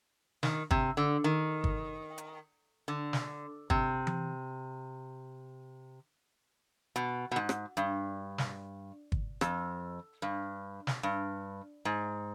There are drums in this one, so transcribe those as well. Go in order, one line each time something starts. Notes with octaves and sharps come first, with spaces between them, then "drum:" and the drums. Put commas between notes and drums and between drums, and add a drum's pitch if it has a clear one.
D#3, drum: snare
C3, drum: kick
D3
D#3
drum: kick
drum: hi-hat
D3
drum: snare
C3, drum: kick
drum: tom E3
B2, drum: hi-hat
B2
G#2
drum: rim click
G2, drum: hi-hat
drum: snare
drum: kick
F2, drum: rim click
G2
drum: snare
G2
G#2